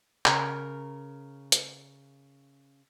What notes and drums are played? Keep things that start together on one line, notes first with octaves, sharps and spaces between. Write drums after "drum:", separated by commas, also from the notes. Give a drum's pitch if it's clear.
C#3 A#4 A#5, drum: clap
drum: hi-hat